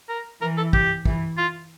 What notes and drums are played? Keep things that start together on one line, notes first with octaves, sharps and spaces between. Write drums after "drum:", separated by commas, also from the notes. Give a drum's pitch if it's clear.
A#4
E3 A#4
A4
G4, drum: kick
E3, drum: kick
F4